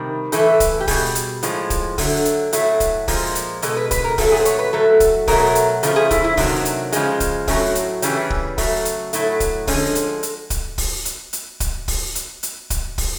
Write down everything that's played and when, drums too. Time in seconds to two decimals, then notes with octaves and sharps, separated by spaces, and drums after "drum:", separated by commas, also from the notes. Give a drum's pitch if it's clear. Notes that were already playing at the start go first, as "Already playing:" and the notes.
Already playing: C3 D#3 G3
0.32 A2 E3 A3 A4, drum: hi-hat
0.60 drum: kick, hi-hat
0.80 G4
0.87 B2 G3 G#4, drum: kick, open hi-hat
1.15 drum: hi-hat
1.43 A2 F3 G#3, drum: hi-hat
1.70 drum: kick, hi-hat
1.98 D3 F#3 A3, drum: kick, open hi-hat
2.25 drum: hi-hat
2.53 A2 F#3 A3, drum: hi-hat
2.80 drum: kick, hi-hat
3.08 A#2 F3 G#3, drum: kick, open hi-hat
3.35 drum: hi-hat
3.62 B2 G#3 A4, drum: hi-hat
3.76 B4
3.91 B4, drum: kick, hi-hat
4.04 A#4
4.18 A#2 F#3 A3 A4, drum: kick, open hi-hat
4.31 G#4
4.40 C5
4.45 C#5, drum: hi-hat
4.59 B4
4.73 A2 F#3 A3 A4
5.00 drum: kick, hi-hat
5.27 B2 F#3 A3 A#4, drum: kick, open hi-hat
5.55 drum: hi-hat
5.83 C#3 F3 A3 A4, drum: hi-hat
5.96 G#4
6.11 E4, drum: kick, hi-hat
6.24 E4
6.37 C3 D#3 F#3 A3 D4, drum: kick, open hi-hat
6.65 drum: hi-hat
6.92 C#3 F3 G#3, drum: hi-hat
7.20 drum: kick, hi-hat
7.47 A2 F#3 A3 C#4, drum: kick, open hi-hat
7.75 drum: hi-hat
8.02 C#3 E3 G3 C#4, drum: hi-hat
8.30 drum: kick
8.58 C#3 F#3 A3, drum: kick, open hi-hat
8.85 drum: hi-hat
9.13 A2 F#3 A3, drum: hi-hat
9.40 drum: kick, hi-hat
9.67 D3 F3 G#3 C#4, drum: kick, open hi-hat
9.95 drum: hi-hat
10.23 drum: hi-hat
10.50 drum: kick, hi-hat
10.78 drum: kick, open hi-hat
11.05 drum: hi-hat
11.33 drum: hi-hat
11.60 drum: kick, hi-hat
11.88 drum: kick, open hi-hat
12.15 drum: hi-hat
12.43 drum: hi-hat
12.70 drum: kick, hi-hat
12.98 drum: kick, open hi-hat